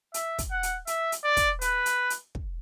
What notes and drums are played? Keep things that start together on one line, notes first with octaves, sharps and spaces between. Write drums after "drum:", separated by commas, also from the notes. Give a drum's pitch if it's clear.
E5, drum: hi-hat
drum: kick, hi-hat
F#5
drum: hi-hat
E5, drum: hi-hat
drum: hi-hat
D5
drum: kick, hi-hat
B4, drum: hi-hat
drum: hi-hat
drum: hi-hat
drum: kick